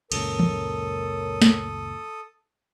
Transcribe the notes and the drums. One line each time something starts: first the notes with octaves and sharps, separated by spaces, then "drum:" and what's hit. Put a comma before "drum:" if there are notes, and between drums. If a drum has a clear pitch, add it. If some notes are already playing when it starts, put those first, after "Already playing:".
C#2 F#2 A#2 A4 A#4 C#5 D#6, drum: cymbal
drum: tom
drum: snare